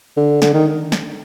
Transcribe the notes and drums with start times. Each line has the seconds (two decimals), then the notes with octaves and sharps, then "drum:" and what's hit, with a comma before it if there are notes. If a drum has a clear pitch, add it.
0.17 D3
0.42 D3, drum: snare
0.54 D#3
0.92 drum: snare